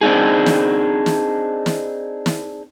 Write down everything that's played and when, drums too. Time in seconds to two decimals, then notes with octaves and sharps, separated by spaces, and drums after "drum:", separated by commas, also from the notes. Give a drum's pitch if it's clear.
0.01 C4 D4 D#4 G#4
0.46 drum: snare
1.06 drum: snare
1.66 drum: snare
2.26 drum: snare